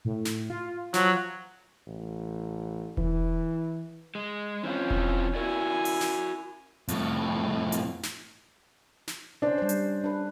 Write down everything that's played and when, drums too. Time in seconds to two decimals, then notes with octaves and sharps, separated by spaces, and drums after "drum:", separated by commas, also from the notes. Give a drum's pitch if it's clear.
0.05 A2
0.25 drum: snare
0.50 F4
0.94 F3 F#3, drum: snare
1.86 A1
2.97 E3, drum: kick E1
4.15 G#3
4.63 E3 C4 C#4 F4
4.90 drum: kick E1
5.35 E4 F#4 A#4 D5 G#5
5.85 drum: open hi-hat
6.01 drum: snare
6.88 F2 A2, drum: hi-hat
7.72 drum: hi-hat
8.03 drum: snare
9.08 drum: snare
9.42 C#4 D4 C5
9.58 G3 C5
9.69 drum: hi-hat
10.04 D4 B4